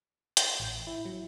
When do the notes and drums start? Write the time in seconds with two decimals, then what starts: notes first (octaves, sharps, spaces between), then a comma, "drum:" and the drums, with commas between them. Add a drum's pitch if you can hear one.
0.37 G6, drum: hi-hat
0.59 A1
0.87 E4
1.05 F#3